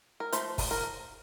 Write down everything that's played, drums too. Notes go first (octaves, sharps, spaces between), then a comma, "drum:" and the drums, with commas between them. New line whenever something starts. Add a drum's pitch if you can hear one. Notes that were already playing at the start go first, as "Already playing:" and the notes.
A#4
F3 A3 C5, drum: hi-hat
drum: kick, open hi-hat
A#4